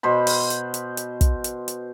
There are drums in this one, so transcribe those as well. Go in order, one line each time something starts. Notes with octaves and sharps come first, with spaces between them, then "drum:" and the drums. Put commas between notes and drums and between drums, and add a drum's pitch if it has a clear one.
B2 C5 B5
drum: open hi-hat
drum: hi-hat
drum: hi-hat
drum: hi-hat
drum: kick, hi-hat
drum: hi-hat
drum: hi-hat